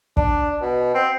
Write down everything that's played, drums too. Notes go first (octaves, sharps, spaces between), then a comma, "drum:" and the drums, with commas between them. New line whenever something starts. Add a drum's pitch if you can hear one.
D4, drum: kick
B2
C4